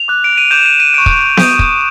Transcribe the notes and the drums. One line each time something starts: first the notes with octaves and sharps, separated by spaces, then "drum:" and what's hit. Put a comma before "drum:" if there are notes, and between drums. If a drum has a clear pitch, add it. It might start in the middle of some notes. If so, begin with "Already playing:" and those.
Already playing: F7
D6 F#6
D7
D#7
D6 G6 E7
E7
D#7
D#7
C#6 F#6 D7
drum: kick
D#6 G6, drum: snare B3
drum: kick